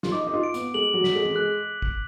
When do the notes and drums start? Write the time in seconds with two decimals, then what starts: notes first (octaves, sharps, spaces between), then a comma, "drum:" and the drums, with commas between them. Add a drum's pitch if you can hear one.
0.03 F4, drum: snare
0.12 D#4 D6
0.27 D#4
0.33 F4
0.43 D7
0.54 B3, drum: hi-hat
0.74 G#3 F#7
0.94 F#3
1.04 B6, drum: snare
1.15 G#3
1.25 drum: tom E3
1.35 G#3 F#6
1.82 drum: kick